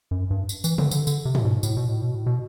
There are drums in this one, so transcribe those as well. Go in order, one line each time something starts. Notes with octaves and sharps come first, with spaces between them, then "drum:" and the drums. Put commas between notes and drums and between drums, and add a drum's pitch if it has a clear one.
F#2
G2
drum: tambourine
E3, drum: tambourine
D3, drum: tom
D3, drum: tambourine
D3, drum: tambourine
C3
drum: tom
B2
A2, drum: tambourine
B2
A2
B2
A2
B2